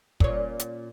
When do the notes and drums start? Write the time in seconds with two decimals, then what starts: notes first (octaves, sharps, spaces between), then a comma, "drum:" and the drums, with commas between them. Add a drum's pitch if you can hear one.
0.20 A#2 C#4, drum: kick
0.59 drum: hi-hat